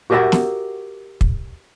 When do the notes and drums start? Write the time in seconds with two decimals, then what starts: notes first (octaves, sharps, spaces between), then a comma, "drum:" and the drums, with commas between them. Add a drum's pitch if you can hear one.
0.10 F#4 G4 A#4 D#5 E5 F#5
0.32 drum: snare
1.21 drum: kick